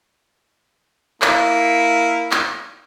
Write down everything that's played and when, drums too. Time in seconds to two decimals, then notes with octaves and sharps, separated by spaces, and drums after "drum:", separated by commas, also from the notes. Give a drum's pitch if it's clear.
1.22 A#3 E4, drum: clap
2.32 drum: clap